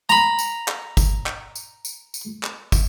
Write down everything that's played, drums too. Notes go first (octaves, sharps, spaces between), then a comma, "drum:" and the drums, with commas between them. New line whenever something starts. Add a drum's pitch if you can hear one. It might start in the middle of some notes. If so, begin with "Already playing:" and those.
A#5 B5, drum: tambourine
drum: tambourine
drum: clap
drum: kick, tambourine
drum: clap
drum: tambourine
drum: tambourine
drum: tambourine
drum: clap
drum: kick, tambourine